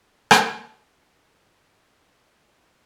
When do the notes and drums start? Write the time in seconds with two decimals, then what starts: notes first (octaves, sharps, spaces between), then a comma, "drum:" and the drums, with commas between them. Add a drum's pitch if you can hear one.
0.31 drum: rim click
1.82 G#3
1.97 D#2
2.09 D#4
2.23 B3
2.41 G4
2.53 A3
2.72 D7